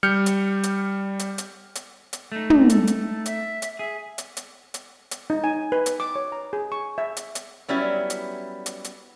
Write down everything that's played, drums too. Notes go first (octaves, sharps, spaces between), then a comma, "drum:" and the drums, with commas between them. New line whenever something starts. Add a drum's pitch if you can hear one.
G3 F6 G6 C#7
drum: hi-hat
drum: hi-hat
drum: hi-hat
drum: hi-hat
drum: hi-hat
drum: hi-hat
A3 D#4
drum: tom
A4, drum: hi-hat
drum: hi-hat
E5, drum: hi-hat
drum: hi-hat
G#4 E5
drum: hi-hat
drum: hi-hat
drum: hi-hat
drum: hi-hat
D#4
G#5
B4
drum: hi-hat
D6
C#5
A#5
G#4
C#6
E5
drum: hi-hat
drum: hi-hat
F#3 G3 B3 C#4 E4
drum: hi-hat
drum: hi-hat
drum: hi-hat